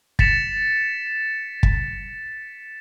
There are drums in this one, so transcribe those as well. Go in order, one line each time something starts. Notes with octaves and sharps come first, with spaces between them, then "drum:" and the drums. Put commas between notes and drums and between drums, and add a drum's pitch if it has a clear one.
A6 B6 C#7 E7, drum: kick
drum: kick